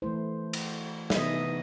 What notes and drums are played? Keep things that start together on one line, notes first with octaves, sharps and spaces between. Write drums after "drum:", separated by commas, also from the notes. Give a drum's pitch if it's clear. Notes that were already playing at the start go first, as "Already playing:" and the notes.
E3 A3 E4 C5
drum: cymbal
E5, drum: snare
C3 E3 B3 D#4 D#5